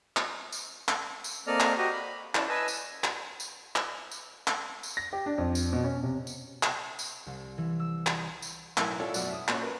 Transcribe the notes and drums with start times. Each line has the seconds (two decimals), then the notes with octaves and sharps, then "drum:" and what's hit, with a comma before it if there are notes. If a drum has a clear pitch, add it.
0.17 drum: clap
0.52 drum: tambourine
0.88 drum: clap
1.24 drum: tambourine
1.47 A#3 C4 A4 D5 D#5 F6
1.60 drum: clap
1.78 F#4 G4 D#5
1.93 B5
2.35 C#4 E4 D5 A5, drum: clap
2.49 B4 D#5 G#5 A5 E6
2.68 drum: tambourine
3.04 drum: clap
3.40 drum: tambourine
3.76 drum: clap
4.11 drum: tambourine
4.47 drum: clap
4.83 drum: tambourine
4.97 A#6
5.13 G4
5.26 D4
5.38 F2
5.55 drum: tambourine
5.73 B2
5.84 C#4
6.03 C3
6.27 drum: tambourine
6.63 drum: clap
6.99 drum: tambourine
7.26 C2
7.58 E3
7.79 E6
8.06 drum: clap
8.17 D#6
8.42 drum: tambourine
8.77 B1 A2 B3 E4 A#4 G#5, drum: clap
9.00 E4 F4 A4 C#5 D5
9.14 F#2 B2 F#4 D5, drum: tambourine
9.30 E5 D#6
9.48 A#2 C#4 F#4 C#5, drum: clap
9.63 A#4 B4